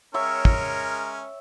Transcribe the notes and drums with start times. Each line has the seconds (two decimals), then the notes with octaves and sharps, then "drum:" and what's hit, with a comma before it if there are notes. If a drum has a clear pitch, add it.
0.14 G#3 C#4 A#4 C#5 E5 G5
0.45 drum: kick